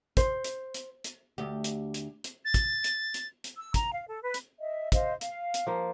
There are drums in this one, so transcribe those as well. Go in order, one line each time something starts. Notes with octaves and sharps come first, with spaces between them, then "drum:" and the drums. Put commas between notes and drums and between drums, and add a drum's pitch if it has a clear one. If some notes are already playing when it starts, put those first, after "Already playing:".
C5, drum: kick, hi-hat
drum: hi-hat
drum: hi-hat
drum: hi-hat
D2 G4
drum: hi-hat
drum: hi-hat
drum: hi-hat
A6
drum: kick, hi-hat
drum: hi-hat
drum: hi-hat
drum: hi-hat
E6
A#5, drum: kick, hi-hat
F5
A4
B4
drum: hi-hat
D#5 E5
C5 D#5 F5, drum: kick, hi-hat
F5, drum: hi-hat
drum: hi-hat
F3 A#3